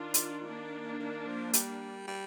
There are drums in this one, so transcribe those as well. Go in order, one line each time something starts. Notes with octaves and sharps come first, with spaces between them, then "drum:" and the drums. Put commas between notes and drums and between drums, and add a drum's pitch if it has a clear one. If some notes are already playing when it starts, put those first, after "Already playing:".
Already playing: D#3 D4 F4
drum: hi-hat
A#3 D4
D#3
F3
G3, drum: hi-hat
G3